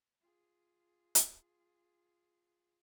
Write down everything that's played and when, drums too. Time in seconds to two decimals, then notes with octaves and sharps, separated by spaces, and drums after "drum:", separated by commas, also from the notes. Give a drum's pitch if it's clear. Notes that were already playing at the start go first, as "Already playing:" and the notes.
0.21 F4 G#4
1.15 drum: hi-hat